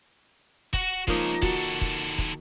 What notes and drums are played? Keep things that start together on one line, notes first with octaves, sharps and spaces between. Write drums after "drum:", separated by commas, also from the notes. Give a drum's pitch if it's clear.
F#4 F#5, drum: kick, hi-hat
F3 G#3 A#3 C#4 D#4, drum: kick
D#3 F#4 A4, drum: kick, hi-hat
drum: kick
drum: kick, hi-hat